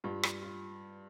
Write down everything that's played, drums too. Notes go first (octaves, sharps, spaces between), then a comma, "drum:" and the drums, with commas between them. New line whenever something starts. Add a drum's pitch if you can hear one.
G2 F4
drum: rim click
F4